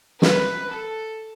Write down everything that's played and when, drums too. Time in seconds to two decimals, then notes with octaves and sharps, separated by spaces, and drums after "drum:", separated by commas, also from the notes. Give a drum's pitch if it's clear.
0.22 B4, drum: snare
0.71 A4